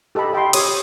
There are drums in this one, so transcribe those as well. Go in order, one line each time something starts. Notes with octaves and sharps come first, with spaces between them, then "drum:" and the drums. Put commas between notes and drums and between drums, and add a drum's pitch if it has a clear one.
G4 A4 D#5 A5 B5
E5 G5 B5 C6
G4 C#5 D#6, drum: cymbal